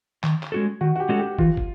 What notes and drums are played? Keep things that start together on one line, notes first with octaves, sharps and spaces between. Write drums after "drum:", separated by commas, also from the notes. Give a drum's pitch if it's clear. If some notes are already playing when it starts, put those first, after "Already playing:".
D#3, drum: clap
drum: clap
G#3 C#4 F#4 A4
D#3 F#4
F#4
G4
G#3 C#4 F#4 A4
G4
E3 F4, drum: kick
drum: kick